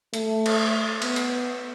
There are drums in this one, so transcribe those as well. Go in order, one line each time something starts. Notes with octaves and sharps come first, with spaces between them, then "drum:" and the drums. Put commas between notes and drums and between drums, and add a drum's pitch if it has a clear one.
A3, drum: hi-hat
drum: cymbal
B3, drum: cymbal
drum: hi-hat